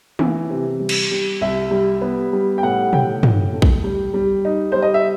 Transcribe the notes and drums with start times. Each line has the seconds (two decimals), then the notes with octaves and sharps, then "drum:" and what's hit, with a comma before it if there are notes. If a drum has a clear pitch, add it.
0.19 E3, drum: tom
0.50 C3
0.80 G3
0.89 drum: cymbal
1.11 G3
1.41 C2 E5
1.71 G3
2.02 B3
2.33 G3
2.58 G5
2.63 A2 F#5
2.93 A2 G5, drum: tom
3.23 A2, drum: tom
3.53 A3
3.62 drum: kick A#1
3.84 G3
4.14 G3
4.45 D#4
4.72 G3 C5
4.82 D#5
4.94 E5